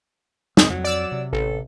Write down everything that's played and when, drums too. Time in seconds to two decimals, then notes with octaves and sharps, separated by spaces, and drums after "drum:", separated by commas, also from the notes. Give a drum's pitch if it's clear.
0.57 C4 D#5, drum: snare
0.70 F2 F#3
0.84 D5 E6
1.12 C3
1.33 A1 A4